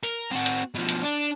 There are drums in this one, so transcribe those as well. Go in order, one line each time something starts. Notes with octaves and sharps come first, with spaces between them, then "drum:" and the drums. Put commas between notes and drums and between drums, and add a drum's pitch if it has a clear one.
A#4, drum: hi-hat
C4 F#4
drum: hi-hat
B2 F3
drum: hi-hat
D4